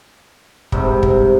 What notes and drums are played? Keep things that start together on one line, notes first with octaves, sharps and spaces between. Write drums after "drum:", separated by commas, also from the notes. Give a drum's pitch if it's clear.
G#2 C3 G3, drum: kick
drum: kick